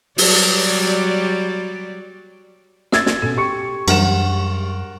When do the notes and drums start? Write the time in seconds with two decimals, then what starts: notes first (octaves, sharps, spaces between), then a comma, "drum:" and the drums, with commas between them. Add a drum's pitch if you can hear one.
0.18 F#3 G3 D5, drum: open hi-hat
2.92 E5 E6 G#6 A6, drum: snare
3.06 drum: snare
3.22 B2 C#4 A4
3.37 G4 C#6 C#7
3.88 F#2 E3 G3 D4 A#4 F#5 E7, drum: cymbal